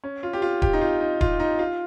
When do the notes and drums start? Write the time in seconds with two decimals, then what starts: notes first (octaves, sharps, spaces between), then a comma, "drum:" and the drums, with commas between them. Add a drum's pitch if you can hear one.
0.04 C#4
0.23 F4
0.33 G4
0.42 F4
0.62 G4, drum: kick D#1
0.73 D#4
0.81 F4
1.01 D#4
1.21 F4, drum: kick D#1
1.40 D#4
1.59 F4